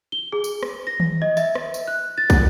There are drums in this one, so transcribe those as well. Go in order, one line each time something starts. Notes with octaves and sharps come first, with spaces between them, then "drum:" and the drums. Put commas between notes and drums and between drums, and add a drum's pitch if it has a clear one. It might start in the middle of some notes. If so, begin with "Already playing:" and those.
G7
G#4
drum: tambourine
drum: rim click
A#6
drum: tom D#3
D#5
E5, drum: tambourine
drum: rim click
drum: tambourine
F#6
A6
drum: kick, tambourine